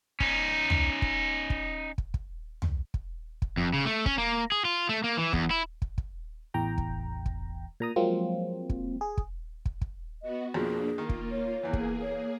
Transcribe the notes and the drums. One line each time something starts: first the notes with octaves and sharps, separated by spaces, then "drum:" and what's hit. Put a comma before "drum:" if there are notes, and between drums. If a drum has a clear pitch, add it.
C#4 D#4, drum: kick
drum: tom
drum: kick
drum: kick
drum: kick
drum: kick
drum: tom
drum: kick
drum: kick
F2
C#3
A3
C#4, drum: kick
A#3
G#4
F4
A3
A#3
E3
E2, drum: kick
E4
drum: kick
drum: kick
A1 E2 G5 A#5
drum: kick
drum: kick
A#2 A#5 D#6
F3 F#3 G#3 A#3 C4 F4
drum: kick
G#4
drum: kick
drum: kick
drum: kick
B3 F#4 D#5
F2 B2 F3 A#3 D4 G#4
D#3 A#3 F4
drum: kick
C#5
E2 E3 A#3 G#4
drum: kick
C#5